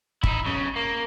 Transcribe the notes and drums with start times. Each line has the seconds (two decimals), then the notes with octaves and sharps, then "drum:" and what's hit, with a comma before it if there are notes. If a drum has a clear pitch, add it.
0.23 D#4 E4, drum: kick
0.46 B1 C#3
0.76 A#3